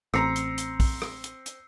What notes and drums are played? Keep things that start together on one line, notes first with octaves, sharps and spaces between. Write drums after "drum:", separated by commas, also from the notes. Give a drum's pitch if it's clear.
A1 C4 A#5 E6 C7 C#7, drum: rim click
drum: hi-hat
drum: hi-hat
drum: kick, open hi-hat
drum: rim click
drum: hi-hat
drum: hi-hat